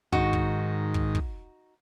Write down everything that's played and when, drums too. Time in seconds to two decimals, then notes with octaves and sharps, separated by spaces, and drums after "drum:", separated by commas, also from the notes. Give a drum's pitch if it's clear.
0.12 G#2 D#3 D#4 F#4, drum: kick
0.33 drum: kick
0.94 drum: kick
1.15 drum: kick